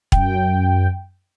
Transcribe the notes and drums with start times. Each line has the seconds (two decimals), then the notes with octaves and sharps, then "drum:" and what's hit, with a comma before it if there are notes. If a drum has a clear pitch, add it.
0.12 F#2 G5, drum: kick E1